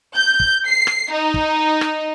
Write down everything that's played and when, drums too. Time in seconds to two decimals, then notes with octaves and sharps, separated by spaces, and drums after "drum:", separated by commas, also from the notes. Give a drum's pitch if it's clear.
0.16 G6
0.40 drum: kick
0.66 C7
0.87 drum: rim click
1.12 D#4
1.34 drum: kick
1.81 drum: rim click